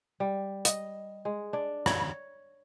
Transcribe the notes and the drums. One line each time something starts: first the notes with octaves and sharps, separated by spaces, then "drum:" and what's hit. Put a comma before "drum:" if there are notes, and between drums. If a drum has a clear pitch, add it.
G3
D#5, drum: hi-hat
G#3
D4
C#5, drum: rim click